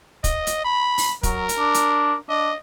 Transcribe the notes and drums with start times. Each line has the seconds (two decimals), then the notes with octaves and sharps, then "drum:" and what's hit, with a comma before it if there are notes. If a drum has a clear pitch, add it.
0.24 D#5, drum: kick, hi-hat
0.47 drum: hi-hat
0.65 B5
0.98 drum: open hi-hat
1.23 F#3 A#4, drum: kick, hi-hat
1.49 drum: hi-hat
1.59 D4
1.74 drum: hi-hat
2.29 D4 D#5